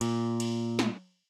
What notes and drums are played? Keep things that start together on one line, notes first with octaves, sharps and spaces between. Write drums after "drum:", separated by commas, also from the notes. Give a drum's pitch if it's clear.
A#2, drum: cymbal
drum: cymbal
drum: snare